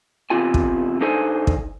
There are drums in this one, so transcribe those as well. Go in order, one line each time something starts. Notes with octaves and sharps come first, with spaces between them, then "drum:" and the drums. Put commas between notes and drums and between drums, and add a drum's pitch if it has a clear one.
E2 C3 E4 F4 G#5
drum: kick
G2 D4 D#4 A4 C5 G#5
drum: kick